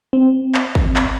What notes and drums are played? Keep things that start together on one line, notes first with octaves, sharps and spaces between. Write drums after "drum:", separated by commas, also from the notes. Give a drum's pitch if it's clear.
C4
drum: clap
drum: kick
drum: clap